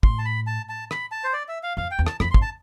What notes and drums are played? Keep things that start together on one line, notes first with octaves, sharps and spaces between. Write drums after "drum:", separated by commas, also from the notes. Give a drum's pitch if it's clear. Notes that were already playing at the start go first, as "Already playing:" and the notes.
A2 C6, drum: kick
A5
B5
A5
A5
B5, drum: rim click
A5
C5
D5
E5
F5
F2 F5
G5
E2
A5, drum: rim click
F2 B5, drum: rim click
C6
G2, drum: kick
A5